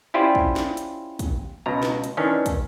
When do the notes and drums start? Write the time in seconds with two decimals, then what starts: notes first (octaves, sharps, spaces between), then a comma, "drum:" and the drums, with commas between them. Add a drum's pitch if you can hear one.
0.14 C#4 E4 F4 G4 C5 D5
0.35 drum: kick
0.56 drum: snare
0.77 drum: hi-hat
1.19 drum: kick, hi-hat
1.66 C#2 B2 A#5
1.83 drum: snare
2.04 drum: hi-hat
2.17 D#3 E3 C#4 D4
2.46 drum: kick, hi-hat